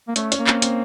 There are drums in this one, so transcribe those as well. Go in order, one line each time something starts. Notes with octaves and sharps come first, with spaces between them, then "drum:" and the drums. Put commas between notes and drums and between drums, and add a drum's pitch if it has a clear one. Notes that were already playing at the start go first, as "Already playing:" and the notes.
A#3
A3 C#4, drum: hi-hat
C#4, drum: hi-hat
A#3
C4, drum: clap
C4, drum: hi-hat